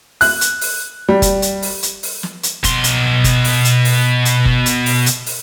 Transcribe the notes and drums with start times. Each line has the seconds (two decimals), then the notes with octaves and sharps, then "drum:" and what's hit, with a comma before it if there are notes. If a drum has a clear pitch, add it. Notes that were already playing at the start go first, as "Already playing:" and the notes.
0.21 F#6, drum: open hi-hat
0.41 drum: hi-hat
0.61 drum: open hi-hat
1.09 G3
1.22 drum: kick F#1, hi-hat
1.42 drum: hi-hat
1.62 drum: open hi-hat
1.83 drum: hi-hat
2.03 drum: open hi-hat
2.23 drum: snare
2.43 drum: hi-hat
2.64 B2 C6, drum: kick F#1, hi-hat
2.84 drum: hi-hat
3.24 drum: kick F#1, hi-hat
3.44 drum: open hi-hat
3.65 drum: hi-hat
3.85 drum: open hi-hat
4.25 drum: hi-hat
4.45 drum: kick F#1
4.66 drum: hi-hat
4.86 drum: open hi-hat
5.06 drum: hi-hat
5.26 drum: open hi-hat